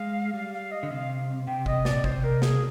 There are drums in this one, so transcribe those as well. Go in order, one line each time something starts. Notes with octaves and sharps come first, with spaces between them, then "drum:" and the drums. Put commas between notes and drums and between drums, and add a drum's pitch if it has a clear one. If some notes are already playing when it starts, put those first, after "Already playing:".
Already playing: G#3 F5
G3 F5
F5
D#5
D3 D#5
C3 F5
C3 G5
D#5, drum: kick G1
A#2 D5, drum: snare
C3 C5, drum: kick G1
A#4
G#4, drum: snare